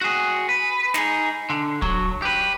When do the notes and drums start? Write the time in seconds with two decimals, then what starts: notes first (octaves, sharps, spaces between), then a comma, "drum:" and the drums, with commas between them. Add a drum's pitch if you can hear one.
0.01 F#4 G#4
0.49 B4
0.94 D#4 G#4, drum: snare
1.50 D3
1.82 F#3, drum: kick
2.22 G4 B4